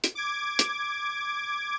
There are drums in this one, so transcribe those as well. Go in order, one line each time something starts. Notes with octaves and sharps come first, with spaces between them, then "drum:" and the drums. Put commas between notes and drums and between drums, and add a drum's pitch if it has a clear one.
drum: hi-hat
D6 G#6
drum: hi-hat